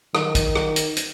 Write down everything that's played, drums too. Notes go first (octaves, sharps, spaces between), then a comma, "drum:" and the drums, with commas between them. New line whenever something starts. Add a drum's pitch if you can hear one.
D#3, drum: rim click
drum: kick, hi-hat
drum: rim click
drum: hi-hat
drum: hi-hat